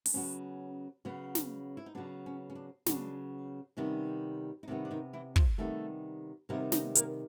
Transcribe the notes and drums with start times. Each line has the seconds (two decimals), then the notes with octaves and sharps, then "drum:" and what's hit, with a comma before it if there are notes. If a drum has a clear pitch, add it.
0.06 D4, drum: open hi-hat
0.13 C#3 F#3 B3 C#4
1.05 C#3 F#3 B3
1.35 drum: snare
1.77 E4
1.86 D#4
1.95 C#3 F#3 B3 D4
2.26 C#4
2.50 C#4
2.55 D4
2.86 C#3 F#3 B3 D4, drum: snare
3.77 C3 D#3 G3 B3 C#4
4.63 D#4
4.68 C3 D#3 G3 B3 D4
4.85 D4
4.91 D#3 D#4
5.13 E3 E4
5.36 F3 F4, drum: kick
5.58 C3 D#3 G3 A3 B3 A4
6.49 C3 D#3 G3 A#3 B3 A#4
6.72 D#4 D#5, drum: snare
6.95 A#3 A#4, drum: hi-hat